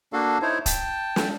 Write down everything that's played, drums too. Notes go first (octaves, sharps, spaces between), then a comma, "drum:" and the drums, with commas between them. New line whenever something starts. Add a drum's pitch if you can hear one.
A#3 D4 F#4 A4 F5
D#4 E4 C5 C#5
G5 A5, drum: kick, hi-hat
drum: snare